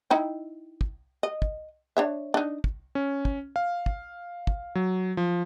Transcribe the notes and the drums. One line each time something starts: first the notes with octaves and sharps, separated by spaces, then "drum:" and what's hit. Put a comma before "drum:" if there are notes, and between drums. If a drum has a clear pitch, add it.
D#4 E4 G5
drum: kick
D#5
drum: kick
D4 C#5 E5
D4 D#4
drum: kick
C#4
drum: kick
F5
drum: kick
drum: kick
F#3
F3